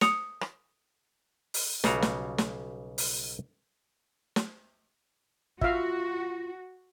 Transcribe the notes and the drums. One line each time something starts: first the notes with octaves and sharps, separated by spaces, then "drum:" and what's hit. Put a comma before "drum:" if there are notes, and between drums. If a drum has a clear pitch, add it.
D#6 C#7 F7, drum: snare
drum: rim click
drum: open hi-hat
B1 C#3 G3 F4 F#4 A#5, drum: snare
drum: snare
drum: snare
drum: open hi-hat
drum: snare
F4 F#4 E5 F5, drum: kick